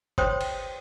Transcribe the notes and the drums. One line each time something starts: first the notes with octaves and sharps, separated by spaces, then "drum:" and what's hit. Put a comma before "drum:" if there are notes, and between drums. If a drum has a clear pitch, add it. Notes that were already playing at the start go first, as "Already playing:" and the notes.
C5 C#5 G5 C6 D#6, drum: kick G1
drum: cymbal